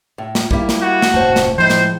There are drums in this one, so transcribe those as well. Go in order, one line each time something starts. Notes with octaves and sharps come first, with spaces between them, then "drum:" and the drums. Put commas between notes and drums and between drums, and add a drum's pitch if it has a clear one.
A2
drum: snare
G3 A#3 E4, drum: kick
drum: snare
F#4
drum: snare
F1 A2 A3 A#3 C5 A5
drum: snare
A2 F3 G#3 E4 C5
drum: snare